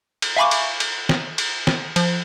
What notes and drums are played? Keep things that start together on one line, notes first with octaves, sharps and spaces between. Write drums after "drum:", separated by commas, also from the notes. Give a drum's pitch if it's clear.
drum: cymbal
E5 F5 G#5 B5 C#6 D6
drum: cymbal
drum: cymbal
drum: snare
drum: cymbal
drum: snare
F3, drum: cymbal